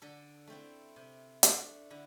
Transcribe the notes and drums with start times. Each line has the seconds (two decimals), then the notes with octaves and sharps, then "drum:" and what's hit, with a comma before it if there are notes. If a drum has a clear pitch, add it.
0.02 D3 A4
0.47 A3 C4 E4
0.96 C3
1.43 A3 D4, drum: hi-hat
1.90 D3 E4